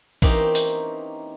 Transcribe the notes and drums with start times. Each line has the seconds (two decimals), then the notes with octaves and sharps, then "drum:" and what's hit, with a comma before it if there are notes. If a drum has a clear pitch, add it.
0.22 E3 A#3 C4 C#4 D#4 G4, drum: kick
0.55 drum: open hi-hat